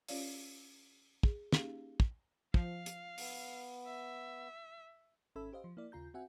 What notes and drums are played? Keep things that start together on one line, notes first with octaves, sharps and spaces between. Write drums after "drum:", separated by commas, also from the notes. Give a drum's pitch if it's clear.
C#4 F4 C#5 D5 F5, drum: open hi-hat
G#4, drum: kick
A#3 C#4 D#4 G4 G#4 F5, drum: snare
drum: kick
F3 F5, drum: kick
drum: hi-hat
B3, drum: open hi-hat
E5
G#1 C#4 A4 E5 B5 E6
G4 C5 D#5 F5
F3
A#3 E4 D5
D#2 C#3 F4 A#5 G6
C4 F#4 E5 F#5 G#5